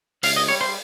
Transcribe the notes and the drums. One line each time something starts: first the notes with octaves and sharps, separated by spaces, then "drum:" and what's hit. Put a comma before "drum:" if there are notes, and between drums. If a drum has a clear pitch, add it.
C#2 F5, drum: open hi-hat
D#5
G3 C#5
C5